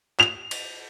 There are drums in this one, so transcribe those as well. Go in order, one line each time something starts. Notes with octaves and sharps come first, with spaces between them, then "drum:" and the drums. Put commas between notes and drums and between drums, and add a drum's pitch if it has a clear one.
F7, drum: clap
drum: cymbal